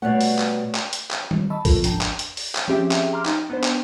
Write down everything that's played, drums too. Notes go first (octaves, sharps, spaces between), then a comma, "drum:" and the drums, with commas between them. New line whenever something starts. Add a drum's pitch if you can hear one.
B2 G3 A3 C#5 D5 F#5
drum: open hi-hat
drum: clap
drum: clap
drum: hi-hat
drum: clap
G3, drum: tom D#3
D#5 A5 B5 C#6 E6
B1 B2 F3 F4 A4 A#4, drum: kick B1, open hi-hat
G#1 F2 D4 G5 A5 A#5, drum: hi-hat
drum: clap
drum: hi-hat
drum: open hi-hat
drum: clap
F3 C4 C#4 G4 G#4 E5
drum: clap
A#5 C6 D6 F6
D#4, drum: clap
B3 D4 C5
drum: clap